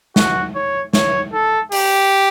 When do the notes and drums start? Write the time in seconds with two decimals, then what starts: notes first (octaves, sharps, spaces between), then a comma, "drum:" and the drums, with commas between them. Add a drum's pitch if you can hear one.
0.16 F#4, drum: snare
0.55 C#5
0.93 C#5, drum: snare
1.33 A4
1.72 G4, drum: open hi-hat